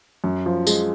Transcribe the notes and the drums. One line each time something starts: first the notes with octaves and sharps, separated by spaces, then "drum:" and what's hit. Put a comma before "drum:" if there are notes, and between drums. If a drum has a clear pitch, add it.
F#2
F3
G#3, drum: tambourine